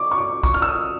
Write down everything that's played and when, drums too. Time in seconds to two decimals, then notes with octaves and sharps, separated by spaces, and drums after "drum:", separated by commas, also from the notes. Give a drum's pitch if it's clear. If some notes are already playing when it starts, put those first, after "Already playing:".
Already playing: C#6 D6
0.12 C#6
0.18 D6
0.43 C#6, drum: kick, tambourine
0.54 F6
0.62 E6
0.68 D#6